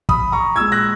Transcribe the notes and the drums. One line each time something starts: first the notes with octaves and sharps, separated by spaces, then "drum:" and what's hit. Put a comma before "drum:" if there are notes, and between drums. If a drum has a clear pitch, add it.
B5 D#6, drum: kick
A#5 C#6
A#2 G#3 E6 G#6
F#6 A#6